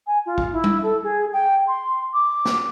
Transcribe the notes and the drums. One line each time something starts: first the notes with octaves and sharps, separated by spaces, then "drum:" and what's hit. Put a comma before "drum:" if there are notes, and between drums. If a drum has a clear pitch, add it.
G#5
F4
drum: kick
E4
drum: tom G3
A4
G#4
G5
C6
D6
drum: snare